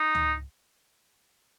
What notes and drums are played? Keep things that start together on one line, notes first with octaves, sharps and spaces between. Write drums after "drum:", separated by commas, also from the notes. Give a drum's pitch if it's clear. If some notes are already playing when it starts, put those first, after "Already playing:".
Already playing: D#4
drum: tom C#2